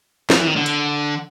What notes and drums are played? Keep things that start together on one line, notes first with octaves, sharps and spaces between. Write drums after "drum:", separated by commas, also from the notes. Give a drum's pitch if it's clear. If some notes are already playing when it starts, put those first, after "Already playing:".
F3, drum: snare
E3
D#3
D3
drum: hi-hat